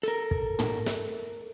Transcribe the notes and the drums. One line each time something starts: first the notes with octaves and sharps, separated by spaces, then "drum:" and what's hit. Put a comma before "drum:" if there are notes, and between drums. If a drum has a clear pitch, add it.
A4 A#4, drum: hi-hat
drum: kick
drum: tom
drum: snare